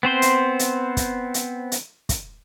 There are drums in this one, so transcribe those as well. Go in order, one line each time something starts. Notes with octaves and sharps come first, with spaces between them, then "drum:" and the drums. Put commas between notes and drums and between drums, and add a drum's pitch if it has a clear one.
B3 C4 C5 C6
drum: hi-hat
drum: hi-hat
drum: kick, hi-hat
drum: hi-hat
drum: hi-hat
drum: kick, hi-hat